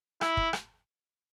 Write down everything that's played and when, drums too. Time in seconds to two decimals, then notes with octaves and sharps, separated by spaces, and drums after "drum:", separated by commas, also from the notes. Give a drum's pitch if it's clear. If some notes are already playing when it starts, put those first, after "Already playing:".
0.21 E4, drum: rim click
0.37 drum: kick
0.53 drum: rim click